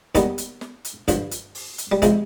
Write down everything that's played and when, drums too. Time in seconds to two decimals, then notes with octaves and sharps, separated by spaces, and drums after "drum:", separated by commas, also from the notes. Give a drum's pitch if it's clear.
0.15 D#2 D#3 G3 B3, drum: kick F#1, hi-hat
0.38 drum: hi-hat
0.61 drum: snare
0.85 drum: hi-hat
1.08 G2 D3 F3, drum: kick F#1, hi-hat
1.31 drum: hi-hat
1.55 drum: open hi-hat
1.78 drum: hi-hat
1.92 G3
2.02 C3 F3 G#3, drum: kick F#1, hi-hat